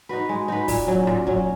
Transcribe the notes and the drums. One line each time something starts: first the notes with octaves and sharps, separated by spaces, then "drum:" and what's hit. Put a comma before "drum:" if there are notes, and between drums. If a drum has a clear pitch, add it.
D#4 F#4 B4
G#3
D#4 F#4 B4
A#2, drum: kick, open hi-hat
F#3 C#4
A#2, drum: rim click
F#3 C#4, drum: kick